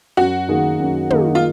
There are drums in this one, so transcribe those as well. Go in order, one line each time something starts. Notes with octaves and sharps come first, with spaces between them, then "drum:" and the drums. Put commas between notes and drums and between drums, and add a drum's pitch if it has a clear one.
F#2 F#4
D#3 A#3 D#4 G#4
F#2
D#3 A#3 D#4 G#4, drum: tom
F4